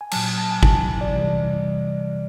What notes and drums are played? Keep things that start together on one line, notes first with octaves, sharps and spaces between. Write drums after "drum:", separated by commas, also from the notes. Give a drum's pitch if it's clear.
G#5
A#2 F#3 A5, drum: cymbal
A5
G#5
A5, drum: kick
D5
C3 E3 G3